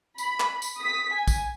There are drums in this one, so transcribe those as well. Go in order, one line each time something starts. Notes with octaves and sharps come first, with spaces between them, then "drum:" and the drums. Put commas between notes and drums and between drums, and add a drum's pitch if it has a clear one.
B5, drum: tambourine
drum: clap
drum: tambourine
D#6 B6
G#5
drum: kick, tambourine